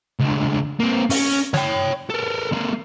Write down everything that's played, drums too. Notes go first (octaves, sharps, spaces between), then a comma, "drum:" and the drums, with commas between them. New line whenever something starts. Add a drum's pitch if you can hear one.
C#2 D3
A#3 C4
C#4, drum: open hi-hat
C#5 G5, drum: snare
A4 A#4
G#3 A#3